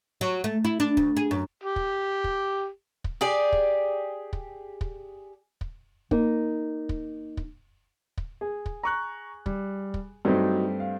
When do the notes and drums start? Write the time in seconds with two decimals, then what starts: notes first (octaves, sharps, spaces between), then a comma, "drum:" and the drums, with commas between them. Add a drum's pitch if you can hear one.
0.21 F#3
0.44 A3
0.64 E4
0.80 D4
0.97 D2, drum: kick
1.17 G#4
1.31 F#2
1.63 G4
1.76 drum: kick
2.24 drum: kick
3.04 drum: kick
3.21 G4 G#4 D5
3.52 drum: kick
4.33 drum: kick
4.81 drum: kick
5.61 drum: kick
6.11 A#3 D#4, drum: kick
6.89 drum: kick
7.37 drum: kick
8.18 drum: kick
8.41 G#4
8.66 drum: kick
8.83 A#5 C#6 F#6
9.46 G3, drum: kick
9.94 drum: kick
10.25 G2 F#3 A3 C4 D#4
10.80 F5